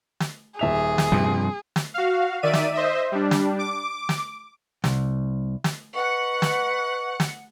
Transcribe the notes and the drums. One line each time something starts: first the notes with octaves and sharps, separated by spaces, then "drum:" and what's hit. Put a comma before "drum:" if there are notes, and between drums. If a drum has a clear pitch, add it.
drum: snare
D#1 G#4 E5 F7
drum: snare
G2 C3 F3
drum: snare
F#4 F5
D#3 D5 E5 D#7
drum: snare
C5 D#5 E5
G3 D4
drum: snare
D6
drum: snare
C2, drum: snare
drum: snare
B4 D#5 F#5 C#6
drum: snare
drum: snare